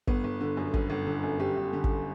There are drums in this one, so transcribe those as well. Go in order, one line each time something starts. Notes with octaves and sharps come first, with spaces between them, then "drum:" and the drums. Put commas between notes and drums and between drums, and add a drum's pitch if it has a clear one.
G1 B3, drum: kick
G1
D3
F#2
G1, drum: kick
G1
D3
F#2
G1 G4
G1
D3
drum: kick